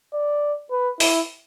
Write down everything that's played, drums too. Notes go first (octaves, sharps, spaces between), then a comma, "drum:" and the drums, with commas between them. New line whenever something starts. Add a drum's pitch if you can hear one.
D5
B4
E4, drum: open hi-hat